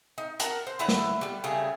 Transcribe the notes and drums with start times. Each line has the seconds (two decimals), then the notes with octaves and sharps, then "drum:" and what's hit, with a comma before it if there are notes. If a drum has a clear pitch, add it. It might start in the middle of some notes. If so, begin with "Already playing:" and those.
0.18 D#4
0.40 A#4 F#5 A5, drum: hi-hat
0.67 C5
0.79 D3 E4 C#5 F#5
0.88 drum: snare
1.21 G3 B3
1.44 C#3 G3 A3 G#4